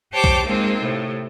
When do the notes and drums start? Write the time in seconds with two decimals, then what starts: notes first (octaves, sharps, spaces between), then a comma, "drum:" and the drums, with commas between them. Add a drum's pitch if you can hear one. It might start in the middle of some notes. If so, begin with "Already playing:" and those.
0.11 G4 C5 C#5 G5 A5 D6
0.24 drum: kick
0.45 G#3 A#3 C4 D#4 F4
0.81 A2 C3